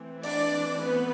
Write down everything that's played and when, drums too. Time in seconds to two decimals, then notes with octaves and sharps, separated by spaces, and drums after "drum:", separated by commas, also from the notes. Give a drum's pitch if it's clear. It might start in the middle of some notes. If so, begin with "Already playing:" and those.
Already playing: E3 A3 C4
0.23 D4 D5, drum: open hi-hat
0.83 B3 B4